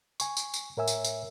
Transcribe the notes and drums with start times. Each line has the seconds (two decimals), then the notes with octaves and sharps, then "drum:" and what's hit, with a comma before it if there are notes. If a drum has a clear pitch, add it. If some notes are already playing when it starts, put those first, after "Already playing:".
0.20 G#5 C#6, drum: tambourine
0.37 drum: tambourine
0.54 drum: tambourine
0.77 A2 A#4 C#5 E5 G#5 E6
0.88 drum: tambourine
1.05 drum: tambourine